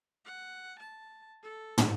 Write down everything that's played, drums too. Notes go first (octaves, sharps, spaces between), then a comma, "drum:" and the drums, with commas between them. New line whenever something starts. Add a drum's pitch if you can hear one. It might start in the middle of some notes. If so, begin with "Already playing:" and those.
F#5
A5
A4
drum: tom